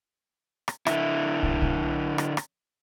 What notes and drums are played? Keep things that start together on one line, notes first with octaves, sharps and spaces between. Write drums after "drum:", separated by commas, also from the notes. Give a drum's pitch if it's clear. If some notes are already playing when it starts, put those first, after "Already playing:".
drum: rim click
D3 E4, drum: rim click
drum: kick
drum: kick
drum: rim click
drum: rim click